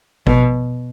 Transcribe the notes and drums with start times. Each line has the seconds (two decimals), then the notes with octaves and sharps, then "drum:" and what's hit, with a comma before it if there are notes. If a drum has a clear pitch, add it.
0.27 B2, drum: kick G#1